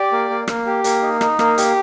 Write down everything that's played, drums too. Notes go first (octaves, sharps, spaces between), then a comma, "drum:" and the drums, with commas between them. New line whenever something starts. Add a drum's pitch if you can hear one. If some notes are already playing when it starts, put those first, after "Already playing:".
Already playing: G4 D5
A#3
A#3
A#3, drum: rim click
G4
A#3, drum: hi-hat
D#4
D#4, drum: rim click
A#3, drum: rim click
G4, drum: hi-hat